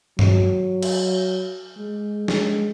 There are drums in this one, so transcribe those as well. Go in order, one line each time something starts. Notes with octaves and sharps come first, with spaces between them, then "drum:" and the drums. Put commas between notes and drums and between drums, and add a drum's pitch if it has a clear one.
F#3, drum: tom G2
drum: cymbal
G#3
G#3, drum: snare